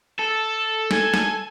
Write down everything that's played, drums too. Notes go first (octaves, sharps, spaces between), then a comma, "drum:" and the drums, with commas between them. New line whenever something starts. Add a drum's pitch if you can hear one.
A4
G#5, drum: snare
drum: snare